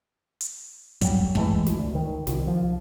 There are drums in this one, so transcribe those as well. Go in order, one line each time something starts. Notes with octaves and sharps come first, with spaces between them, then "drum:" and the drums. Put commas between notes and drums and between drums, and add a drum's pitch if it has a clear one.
drum: hi-hat
F#3 G3, drum: kick, hi-hat
E3 G#3 A3, drum: kick
drum: snare
D2
D#3
C2, drum: snare
F3